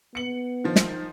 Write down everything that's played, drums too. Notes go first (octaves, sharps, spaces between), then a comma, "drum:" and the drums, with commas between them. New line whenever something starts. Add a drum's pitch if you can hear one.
B3 C#7 F#7
D#3 F3
drum: snare